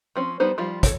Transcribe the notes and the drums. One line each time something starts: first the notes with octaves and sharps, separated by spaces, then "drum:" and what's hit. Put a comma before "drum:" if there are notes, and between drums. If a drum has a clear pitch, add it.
F3 C4 C#4
G3 B3 D#4 C5
F3 G3 F4
A4 C#5, drum: kick, hi-hat